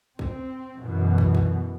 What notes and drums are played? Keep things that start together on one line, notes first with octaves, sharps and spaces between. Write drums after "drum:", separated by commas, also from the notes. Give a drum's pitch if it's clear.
C4, drum: kick
F#2 B2 E3
drum: kick
drum: kick